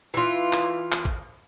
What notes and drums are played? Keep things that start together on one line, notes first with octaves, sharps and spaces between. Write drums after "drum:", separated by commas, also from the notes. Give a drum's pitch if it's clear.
E3 F4
drum: clap
drum: clap
drum: kick A1